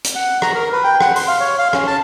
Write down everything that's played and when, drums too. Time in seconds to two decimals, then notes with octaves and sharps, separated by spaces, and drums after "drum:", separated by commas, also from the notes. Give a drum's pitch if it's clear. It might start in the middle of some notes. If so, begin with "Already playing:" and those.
0.04 drum: hi-hat
0.15 F#5
0.42 A#5, drum: rim click
0.54 A#4
0.73 B4
0.84 G5
1.00 F#5, drum: rim click
1.16 C6, drum: open hi-hat
1.28 F5
1.40 C#5
1.59 F5
1.73 C#4, drum: rim click
1.87 A5